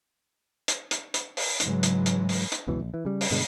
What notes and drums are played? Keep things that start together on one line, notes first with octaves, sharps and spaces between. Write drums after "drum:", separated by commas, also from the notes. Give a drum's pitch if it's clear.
drum: hi-hat
drum: hi-hat
drum: hi-hat
drum: open hi-hat
G#2 C#3 E3 F#3 G#3, drum: hi-hat
drum: hi-hat
drum: hi-hat
drum: open hi-hat
drum: hi-hat
F#1 C#2 B2 E3
A#1
E3
C#3 G3
drum: open hi-hat
G2 B2 D3 G#3